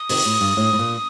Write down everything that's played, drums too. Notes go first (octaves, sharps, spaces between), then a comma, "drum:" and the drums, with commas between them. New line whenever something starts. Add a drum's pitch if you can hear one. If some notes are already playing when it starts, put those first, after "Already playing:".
Already playing: D#6
C3 D#3, drum: open hi-hat
A2
G2
A2
A2
A#2